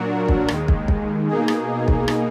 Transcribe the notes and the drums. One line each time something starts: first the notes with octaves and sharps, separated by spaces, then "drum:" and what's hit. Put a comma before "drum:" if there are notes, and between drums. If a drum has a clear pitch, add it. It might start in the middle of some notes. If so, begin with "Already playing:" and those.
Already playing: A#2 F#3 D4 F#4 A#4
drum: kick
D#2 D#3 G#3, drum: rim click
drum: kick
drum: kick
B2 A#3 D#4 G#4
drum: rim click
drum: kick
drum: rim click